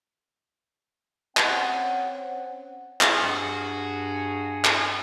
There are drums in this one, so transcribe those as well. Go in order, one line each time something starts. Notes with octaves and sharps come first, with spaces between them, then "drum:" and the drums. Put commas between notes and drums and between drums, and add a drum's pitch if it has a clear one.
C4 C#4 F#5, drum: clap
drum: clap
G2 F#4 G#4
drum: clap